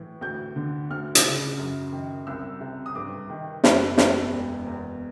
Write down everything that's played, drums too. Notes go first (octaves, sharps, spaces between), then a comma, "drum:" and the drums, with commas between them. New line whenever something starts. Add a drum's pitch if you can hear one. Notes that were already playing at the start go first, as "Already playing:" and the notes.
Already playing: A2 E3
D2 G6
D3
D2 F6
drum: hi-hat
C#3
F#2
D#3
C2 E6
C3
D#6
G2 D6
D#3
F#1 B5, drum: snare
E2, drum: snare
E1
E2